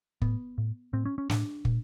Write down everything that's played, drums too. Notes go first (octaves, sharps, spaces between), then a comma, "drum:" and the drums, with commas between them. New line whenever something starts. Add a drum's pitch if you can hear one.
A2 B3, drum: kick
A2
A2 C4
C#4
C#4
A2 D4, drum: snare
A#2, drum: kick